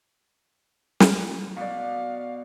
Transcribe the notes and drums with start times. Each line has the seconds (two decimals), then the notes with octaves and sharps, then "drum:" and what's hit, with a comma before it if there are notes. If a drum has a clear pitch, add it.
1.00 drum: snare
1.56 B2 D5 F5